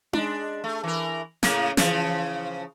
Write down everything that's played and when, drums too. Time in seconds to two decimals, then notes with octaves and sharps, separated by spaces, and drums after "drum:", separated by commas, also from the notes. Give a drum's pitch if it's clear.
0.13 G#3 D4, drum: tom D#4
0.64 A3
0.83 E3 A#4
1.43 A2 C#3 A#3, drum: snare
1.77 C#3 E3 F3, drum: snare